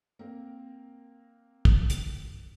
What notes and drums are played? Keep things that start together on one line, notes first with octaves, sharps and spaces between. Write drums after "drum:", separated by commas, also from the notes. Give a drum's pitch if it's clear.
A#3 C4 A#4
drum: kick
drum: hi-hat